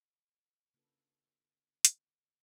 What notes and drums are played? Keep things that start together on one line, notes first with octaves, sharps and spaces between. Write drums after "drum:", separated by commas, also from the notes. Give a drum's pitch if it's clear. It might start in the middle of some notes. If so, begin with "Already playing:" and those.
C#3 A#3 D4 F4 A4 B4
drum: hi-hat